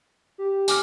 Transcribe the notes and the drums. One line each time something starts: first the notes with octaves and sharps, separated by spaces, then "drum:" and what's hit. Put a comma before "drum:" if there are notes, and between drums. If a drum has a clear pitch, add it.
G4
G#5 D6 F6, drum: hi-hat